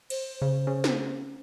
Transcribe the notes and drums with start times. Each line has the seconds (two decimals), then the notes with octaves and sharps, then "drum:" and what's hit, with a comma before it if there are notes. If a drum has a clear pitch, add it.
0.10 C5, drum: cymbal
0.42 C#3
0.67 C#3
0.84 drum: snare